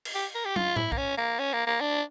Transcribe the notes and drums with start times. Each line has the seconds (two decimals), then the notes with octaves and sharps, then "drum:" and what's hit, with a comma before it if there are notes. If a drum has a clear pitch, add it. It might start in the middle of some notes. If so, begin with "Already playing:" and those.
0.05 drum: cymbal
0.15 G4
0.35 A#4
0.45 G4
0.56 F4, drum: tom
0.76 E4, drum: tom A2
0.92 A#3, drum: kick B1
0.98 C#4
1.18 A#3
1.39 C#4
1.53 A#3
1.67 A#3
1.81 D4